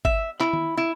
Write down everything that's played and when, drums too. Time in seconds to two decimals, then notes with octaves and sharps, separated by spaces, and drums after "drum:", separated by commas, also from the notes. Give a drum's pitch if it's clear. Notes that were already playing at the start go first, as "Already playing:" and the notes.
0.05 E5, drum: kick G1
0.40 E4, drum: clap
0.53 drum: tom D#3
0.77 E4